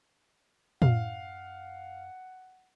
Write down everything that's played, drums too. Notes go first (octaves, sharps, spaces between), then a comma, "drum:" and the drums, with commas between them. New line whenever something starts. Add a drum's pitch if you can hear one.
F#2 F5 F#5, drum: tom